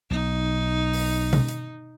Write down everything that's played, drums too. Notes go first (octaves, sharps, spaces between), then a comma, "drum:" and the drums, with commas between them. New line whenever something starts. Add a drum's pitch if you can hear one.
B1 D#4
drum: open hi-hat
drum: tom B2
drum: hi-hat